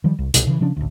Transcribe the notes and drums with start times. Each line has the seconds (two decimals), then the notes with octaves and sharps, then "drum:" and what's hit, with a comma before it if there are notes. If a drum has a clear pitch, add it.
0.04 D#3 F3 G3
0.19 C2
0.34 C2 B2, drum: hi-hat
0.47 C#3 E3
0.61 C#3 F3 C#4 D4
0.76 A1 D2